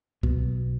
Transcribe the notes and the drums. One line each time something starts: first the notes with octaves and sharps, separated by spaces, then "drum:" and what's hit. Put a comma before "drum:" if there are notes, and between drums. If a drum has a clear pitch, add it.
B1 B2, drum: kick